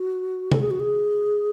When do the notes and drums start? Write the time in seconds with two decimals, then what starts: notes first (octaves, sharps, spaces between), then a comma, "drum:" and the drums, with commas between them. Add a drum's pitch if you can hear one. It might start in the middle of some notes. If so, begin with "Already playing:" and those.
Already playing: F#4
0.52 A4, drum: tom C3
0.61 G#4
0.71 F#4
0.80 G#4